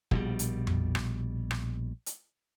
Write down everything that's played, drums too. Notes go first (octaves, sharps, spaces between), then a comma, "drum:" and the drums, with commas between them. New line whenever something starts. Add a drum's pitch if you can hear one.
A#1 B2 G3, drum: kick
drum: hi-hat
drum: tom F2
drum: rim click
drum: rim click
drum: hi-hat